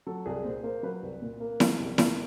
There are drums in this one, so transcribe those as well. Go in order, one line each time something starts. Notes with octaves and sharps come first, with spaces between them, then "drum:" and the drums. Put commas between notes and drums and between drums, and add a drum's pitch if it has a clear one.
F#3 A4
C2 G#4
A#2 C5
A#3 C5
F#3 B4
C2
A#2
A#3
F#3, drum: snare E4
C2
A#2, drum: snare E4